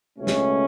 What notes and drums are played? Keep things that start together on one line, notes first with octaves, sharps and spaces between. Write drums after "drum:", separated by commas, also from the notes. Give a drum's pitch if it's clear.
C#2 B2 A3 C#4
drum: snare